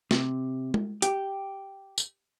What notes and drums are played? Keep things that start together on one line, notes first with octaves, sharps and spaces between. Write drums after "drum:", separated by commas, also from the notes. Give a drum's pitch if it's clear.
C3, drum: snare
drum: tom G#3
G4, drum: hi-hat
drum: tambourine